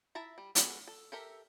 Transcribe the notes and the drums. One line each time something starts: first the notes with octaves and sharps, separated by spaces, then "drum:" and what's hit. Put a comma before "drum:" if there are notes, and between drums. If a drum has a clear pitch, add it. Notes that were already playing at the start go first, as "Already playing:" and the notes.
E4 E5 A5 A#5
G3
B3 F#4 G#4 A4, drum: hi-hat
A4
G4 A4 A#4 E5